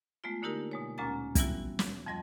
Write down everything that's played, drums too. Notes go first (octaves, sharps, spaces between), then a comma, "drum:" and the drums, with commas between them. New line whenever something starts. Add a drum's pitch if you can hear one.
G#3 A3 B3 F4
D3 A#3 D#4 E4 G4 A#4
B2 G#3 C#5
D2 A#2 G#3 C#4 A#5 A6
E3 F#3 G3 B3 E4 F#4, drum: kick, hi-hat
drum: snare
F2 F3 G3 D#5 C6 A#6